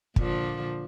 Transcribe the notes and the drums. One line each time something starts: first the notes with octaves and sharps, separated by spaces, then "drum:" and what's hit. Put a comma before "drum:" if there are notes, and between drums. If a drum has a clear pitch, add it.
A#2 D3 F3, drum: kick